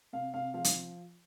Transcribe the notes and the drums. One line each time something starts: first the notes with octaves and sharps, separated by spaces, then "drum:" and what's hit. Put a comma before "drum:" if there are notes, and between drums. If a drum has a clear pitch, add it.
C3 F5
C3 F5
F3 F5
drum: hi-hat